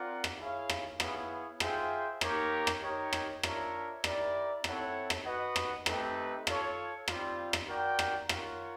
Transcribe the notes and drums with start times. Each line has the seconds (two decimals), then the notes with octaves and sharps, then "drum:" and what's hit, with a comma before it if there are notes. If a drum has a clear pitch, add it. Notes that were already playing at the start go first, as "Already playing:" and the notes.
Already playing: C4 F4 A#4 D5 F#5
0.24 drum: rim click
0.39 E4 G#4 C#5 F5
0.69 drum: rim click
1.00 B3 E4 G#4 C#5 F5, drum: rim click
1.60 F4 G#4 C5 E5 G5, drum: rim click
2.21 A#3 D#4 G4 A#4 C#5, drum: rim click
2.67 drum: rim click
2.82 D#4 G4 A#4 C#5
3.13 drum: rim click
3.43 D4 F4 A#4 C#5 E5, drum: rim click
4.04 E4 G4 A#4 D5, drum: rim click
4.64 C4 E4 A4 C#5 F#5, drum: rim click
5.10 drum: rim click
5.25 F#4 B4 D#5 F#5
5.56 drum: rim click
5.86 A3 C4 D#4 G4 B4, drum: rim click
6.47 F4 A4 C#5, drum: rim click
7.08 G3 C4 F4, drum: rim click
7.53 drum: rim click
7.69 F#4 A#4 D5 G5
7.99 drum: rim click
8.29 F4 A#4 C#5 F#5, drum: rim click